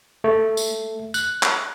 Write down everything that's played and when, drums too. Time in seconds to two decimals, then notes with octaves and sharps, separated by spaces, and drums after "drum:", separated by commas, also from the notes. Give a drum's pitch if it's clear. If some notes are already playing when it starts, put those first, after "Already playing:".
0.24 A3
0.57 drum: tambourine
1.14 F#6, drum: tambourine
1.43 drum: clap